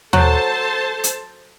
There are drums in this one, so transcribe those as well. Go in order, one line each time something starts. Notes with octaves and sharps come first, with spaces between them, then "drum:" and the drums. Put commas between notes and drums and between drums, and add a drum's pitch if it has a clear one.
F#3 A4 C5 A5, drum: tom D#2
drum: hi-hat